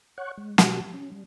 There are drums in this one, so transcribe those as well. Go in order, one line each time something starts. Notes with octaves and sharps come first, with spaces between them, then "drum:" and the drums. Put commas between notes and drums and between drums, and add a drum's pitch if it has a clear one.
C#5 F#5 C#6 F#6
G#3
B2 F3 F#3 F#4 G4, drum: snare
C#4
G3